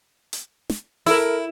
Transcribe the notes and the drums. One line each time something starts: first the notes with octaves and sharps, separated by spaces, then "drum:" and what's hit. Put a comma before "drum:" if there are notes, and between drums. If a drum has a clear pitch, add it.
drum: hi-hat
drum: snare
E4 A4 A#4, drum: open hi-hat